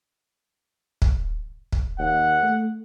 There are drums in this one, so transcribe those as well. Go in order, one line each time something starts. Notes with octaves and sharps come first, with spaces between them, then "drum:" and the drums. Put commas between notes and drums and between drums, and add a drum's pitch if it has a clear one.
drum: kick
drum: kick
D#2 F#5
A3